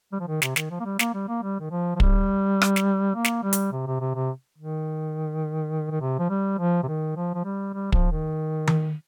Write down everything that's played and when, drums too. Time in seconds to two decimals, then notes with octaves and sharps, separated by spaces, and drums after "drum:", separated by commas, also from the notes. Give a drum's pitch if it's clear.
0.12 G3
0.20 F3
0.27 D#3
0.42 C3, drum: snare
0.56 D#3, drum: snare
0.70 F3
0.80 A#3
0.85 G3
0.99 A#3, drum: snare
1.14 G3
1.28 A#3
1.42 G3
1.60 D#3
1.71 F3
1.95 F3
2.00 G3, drum: kick
2.62 drum: rim click
2.76 drum: snare
3.14 A#3
3.24 drum: snare
3.43 G3
3.53 drum: hi-hat
3.72 C3
3.86 C3
4.00 C3
4.15 C3
4.58 D#3
5.91 D#3
6.01 C3
6.19 F3
6.30 G3
6.58 F3
6.83 C3
6.87 D#3
7.16 F3
7.34 F3
7.44 G3
7.74 G3
7.92 F3, drum: kick
8.12 D#3
8.67 drum: tom D#3